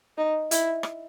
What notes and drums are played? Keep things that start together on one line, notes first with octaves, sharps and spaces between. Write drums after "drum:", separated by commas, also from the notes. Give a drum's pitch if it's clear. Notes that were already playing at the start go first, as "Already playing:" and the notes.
D#4
E4, drum: hi-hat
drum: rim click